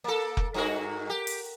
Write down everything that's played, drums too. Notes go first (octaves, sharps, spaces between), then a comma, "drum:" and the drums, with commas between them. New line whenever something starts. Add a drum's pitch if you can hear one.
A#3 A4
drum: kick F1
G2 F#4 A#4
G4
drum: open hi-hat